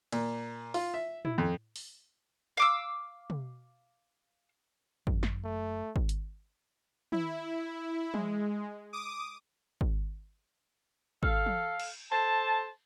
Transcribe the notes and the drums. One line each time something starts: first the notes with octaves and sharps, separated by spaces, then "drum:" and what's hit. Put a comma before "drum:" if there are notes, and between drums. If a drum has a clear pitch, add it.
A#2, drum: cymbal
F4, drum: open hi-hat
E5
E4, drum: tom
F2
drum: open hi-hat
F5 D6 E6
drum: tom
F#1 F#2, drum: kick G#1
drum: snare
A3
drum: kick G#1
drum: hi-hat
E4, drum: tom
G#3, drum: tom
D6 D#6
drum: kick G#1
A4 F5, drum: kick G#1
drum: tom
drum: cymbal
A4 C5 A5